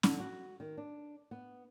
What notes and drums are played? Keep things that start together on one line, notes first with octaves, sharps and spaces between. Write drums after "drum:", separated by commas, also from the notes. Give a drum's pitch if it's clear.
D3, drum: snare C#4
F#4
D#3
D4
B3